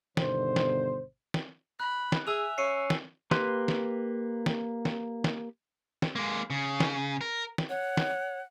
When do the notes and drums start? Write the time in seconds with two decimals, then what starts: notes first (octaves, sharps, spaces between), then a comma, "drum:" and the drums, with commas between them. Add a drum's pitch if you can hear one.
0.17 G1 B2 D3 D#3 C5, drum: snare
0.56 drum: snare
1.34 drum: snare
1.80 B5 F#6
2.12 drum: snare
2.27 G#4 E5 G#5 E6 F7
2.58 C#4 C7 C#7 D#7
2.90 drum: snare
3.31 A#3 G4 B4 C6 F#6, drum: snare
3.68 drum: snare
4.46 drum: snare
4.85 drum: snare
5.24 drum: snare
6.02 drum: snare
6.16 G#3 A#3
6.50 C#3
6.80 drum: snare
7.21 A#4
7.58 drum: snare
7.69 C#5 F#5
7.97 drum: snare